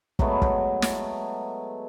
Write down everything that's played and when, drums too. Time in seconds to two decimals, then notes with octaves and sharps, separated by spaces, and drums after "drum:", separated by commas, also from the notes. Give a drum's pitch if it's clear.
0.19 F#3 G#3 A3 B3, drum: kick
0.42 drum: kick
0.82 drum: snare